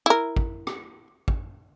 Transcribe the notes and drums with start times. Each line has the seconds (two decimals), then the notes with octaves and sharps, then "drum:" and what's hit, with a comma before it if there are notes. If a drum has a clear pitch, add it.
0.06 E4 A#4
0.36 drum: kick
0.67 drum: rim click
1.28 drum: kick